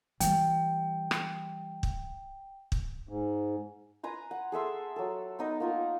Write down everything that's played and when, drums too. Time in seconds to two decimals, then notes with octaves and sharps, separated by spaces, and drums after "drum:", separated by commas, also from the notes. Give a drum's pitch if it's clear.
0.20 E3 G3 G5, drum: hi-hat
1.11 drum: rim click
1.83 drum: kick
2.72 drum: kick
3.09 G#2
4.03 B4 G#5 A#5 C6
4.31 F#5
4.52 G#4 A4 E5 C6
4.96 F#3 A4
5.39 B3 D#4 D#5
5.60 A#3 F4 A#4